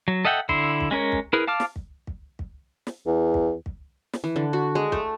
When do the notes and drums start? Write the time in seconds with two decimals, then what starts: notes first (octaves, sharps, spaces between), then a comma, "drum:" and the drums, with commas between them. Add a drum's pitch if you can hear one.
0.08 F#3
0.25 A4 D#5 E5 F#5 G5
0.49 D3 E4 C6, drum: kick
0.81 drum: kick
0.91 G#3 C#4 A#4 C#5
1.12 drum: kick
1.33 E4 G#4 A#4 B4
1.47 F5 A5 D6 F6
1.60 drum: snare
1.76 drum: kick
2.07 drum: kick
2.39 drum: kick
2.87 drum: snare
3.06 E2
3.34 drum: kick
3.66 drum: kick
4.13 drum: snare
4.24 E3
4.36 D3
4.53 F#4
4.75 G#3
4.92 A3, drum: kick